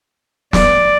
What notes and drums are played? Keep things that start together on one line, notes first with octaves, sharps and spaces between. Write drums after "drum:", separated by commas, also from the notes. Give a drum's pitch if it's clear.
D5, drum: snare